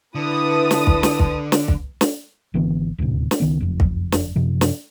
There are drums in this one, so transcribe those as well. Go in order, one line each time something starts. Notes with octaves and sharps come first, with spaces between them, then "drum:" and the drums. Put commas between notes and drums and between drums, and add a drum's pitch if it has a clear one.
D3 D4 E4 B4 A5 D#6
drum: snare
drum: kick
drum: snare
drum: kick
drum: snare
drum: kick
drum: snare
G#1 D3 E3 B3
D#1 D2 A2 C3
drum: snare
C#2 D#3 B3
F#1 F2
drum: kick
drum: snare
F#2 C3 F3
drum: snare